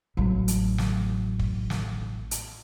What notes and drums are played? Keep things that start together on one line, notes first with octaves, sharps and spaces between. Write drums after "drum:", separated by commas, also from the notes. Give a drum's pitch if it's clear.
A1 F#3
drum: hi-hat
drum: snare
drum: kick
drum: snare
drum: hi-hat